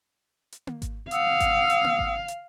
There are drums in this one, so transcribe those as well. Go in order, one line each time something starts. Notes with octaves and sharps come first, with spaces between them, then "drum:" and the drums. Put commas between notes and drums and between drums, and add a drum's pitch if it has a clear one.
drum: hi-hat
drum: tom A#3
drum: kick G#1, hi-hat
F5 F#5 D#6 E6, drum: hi-hat
drum: kick G#1, hi-hat
drum: hi-hat
drum: tom A#3
drum: kick G#1
drum: hi-hat